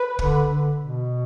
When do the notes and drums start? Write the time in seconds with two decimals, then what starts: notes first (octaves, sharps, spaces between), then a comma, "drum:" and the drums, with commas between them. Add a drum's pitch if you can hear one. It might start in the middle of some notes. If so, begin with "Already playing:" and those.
Already playing: B4
0.19 D3, drum: kick
0.49 D3
0.79 B2